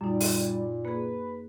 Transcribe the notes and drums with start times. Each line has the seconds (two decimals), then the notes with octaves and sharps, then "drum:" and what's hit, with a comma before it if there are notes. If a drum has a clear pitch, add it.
0.01 F#2 A#2 G3 D#4
0.21 drum: open hi-hat
0.85 A#3 G#4 B4